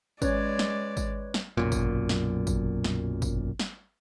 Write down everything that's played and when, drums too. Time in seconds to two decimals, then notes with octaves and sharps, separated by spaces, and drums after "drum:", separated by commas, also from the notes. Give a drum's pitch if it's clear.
0.22 G#3 C#4 B4 C#5 D5 G#6, drum: kick G#1, tambourine
0.59 drum: snare
0.97 drum: kick G#1, tambourine
1.34 drum: snare
1.57 B1 F#2 A#2
1.72 drum: kick G#1, tambourine
2.09 drum: snare
2.47 drum: kick G#1, tambourine
2.84 drum: snare
3.22 drum: kick G#1, tambourine
3.59 drum: snare